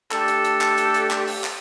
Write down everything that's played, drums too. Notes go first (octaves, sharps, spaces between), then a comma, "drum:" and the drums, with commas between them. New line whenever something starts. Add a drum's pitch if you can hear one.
A3 D4 G4 A4, drum: clap
drum: hi-hat
drum: hi-hat
drum: clap
drum: hi-hat
drum: hi-hat
drum: clap
drum: open hi-hat
drum: clap